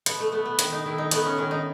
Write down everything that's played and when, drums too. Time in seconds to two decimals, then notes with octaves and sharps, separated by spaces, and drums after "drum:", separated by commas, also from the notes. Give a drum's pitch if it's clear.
0.06 B2 B3, drum: hi-hat
0.20 A3
0.32 A3 B3
0.45 B3
0.59 D#3, drum: hi-hat
0.72 D#4
0.86 D#3 E4
0.98 D#4
1.11 A3 B3, drum: hi-hat
1.25 C#4
1.38 D#3 C#4
1.51 D#4